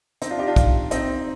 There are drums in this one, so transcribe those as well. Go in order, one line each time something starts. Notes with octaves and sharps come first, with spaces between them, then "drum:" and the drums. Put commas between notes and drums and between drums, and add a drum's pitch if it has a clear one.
C4 D#4, drum: hi-hat
D4 F4
D#4 G4
D4 F4
drum: kick, hi-hat
C4 D#4, drum: hi-hat